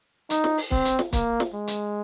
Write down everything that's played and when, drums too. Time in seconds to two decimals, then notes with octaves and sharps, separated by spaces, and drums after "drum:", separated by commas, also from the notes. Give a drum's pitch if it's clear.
0.30 D#4, drum: hi-hat
0.44 drum: snare
0.58 drum: open hi-hat
0.71 C4, drum: kick
0.85 drum: hi-hat
0.99 drum: snare
1.13 A#3, drum: kick, hi-hat
1.40 drum: snare
1.54 G#3
1.68 drum: hi-hat